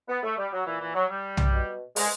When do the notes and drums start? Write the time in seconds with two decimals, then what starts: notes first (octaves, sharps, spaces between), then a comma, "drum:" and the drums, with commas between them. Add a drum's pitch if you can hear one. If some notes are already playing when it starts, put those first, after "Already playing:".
0.08 B3
0.23 A3
0.37 G3
0.52 F#3
0.65 A#2 E3
0.80 E3
0.94 F#3
1.09 G3
1.37 drum: tom B1
1.53 B2
1.96 G#3, drum: open hi-hat